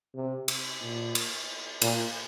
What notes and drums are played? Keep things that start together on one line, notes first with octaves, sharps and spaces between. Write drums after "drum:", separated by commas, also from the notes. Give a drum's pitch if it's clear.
C3
drum: cymbal
A#2
drum: cymbal
A#2, drum: cymbal